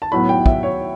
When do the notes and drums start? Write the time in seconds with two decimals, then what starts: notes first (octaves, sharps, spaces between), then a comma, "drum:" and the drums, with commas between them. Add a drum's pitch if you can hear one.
0.02 A5
0.12 A2 F#3 B3 B5
0.29 G5
0.46 E5, drum: kick
0.63 C#5